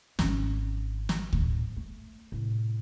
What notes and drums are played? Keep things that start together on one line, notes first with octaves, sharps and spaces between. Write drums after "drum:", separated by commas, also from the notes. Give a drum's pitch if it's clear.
G#1 C#4, drum: snare
drum: snare
A#1 A2, drum: kick D2
A3
A2 C3